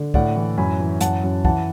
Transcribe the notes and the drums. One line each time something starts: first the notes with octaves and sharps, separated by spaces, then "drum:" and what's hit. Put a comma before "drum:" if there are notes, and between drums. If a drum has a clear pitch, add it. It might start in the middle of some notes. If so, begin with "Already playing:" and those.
Already playing: D3
A2 D5 F#5, drum: kick
E3
F#2 G#5 B5
E3
F#2 F#5 A5, drum: hi-hat
F#2
E3 F#5 A5, drum: kick